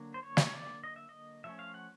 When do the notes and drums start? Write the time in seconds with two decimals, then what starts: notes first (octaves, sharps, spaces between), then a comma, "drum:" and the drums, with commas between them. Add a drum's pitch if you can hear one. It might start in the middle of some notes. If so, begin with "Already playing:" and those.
Already playing: D3 F#3 A#3
0.14 C5
0.23 C#5
0.37 drum: snare
0.47 C#5
0.53 D5
0.84 D#5
0.96 E5
1.09 D#5
1.44 F3 A3 C#4 E5
1.59 F5
1.74 F#5